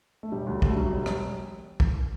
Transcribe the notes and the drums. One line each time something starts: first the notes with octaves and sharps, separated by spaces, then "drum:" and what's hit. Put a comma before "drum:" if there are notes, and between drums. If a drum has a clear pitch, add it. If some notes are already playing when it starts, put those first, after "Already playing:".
A3
E1 G3
D2
D2 A3, drum: kick
F#3 G3
E1
F#3, drum: rim click
drum: kick